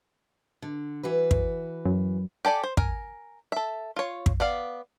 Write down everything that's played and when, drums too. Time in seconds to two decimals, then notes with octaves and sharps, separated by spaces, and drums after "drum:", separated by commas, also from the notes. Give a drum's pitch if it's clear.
0.62 D3
1.03 E3 F#4 B4
1.31 drum: kick
1.85 F#2
2.45 G4 A4 D5 G#5
2.64 C5
2.77 A#4 G#5, drum: kick
3.52 A4 E5
3.96 F4 C#5
4.26 drum: kick
4.40 B3 D5 F5